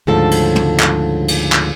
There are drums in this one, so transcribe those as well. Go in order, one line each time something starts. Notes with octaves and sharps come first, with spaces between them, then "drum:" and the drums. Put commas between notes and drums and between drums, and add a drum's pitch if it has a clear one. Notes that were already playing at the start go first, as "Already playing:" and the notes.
D2 G#2 C#3 F3 A4 A5
drum: cymbal
drum: tom
drum: clap
drum: cymbal
drum: clap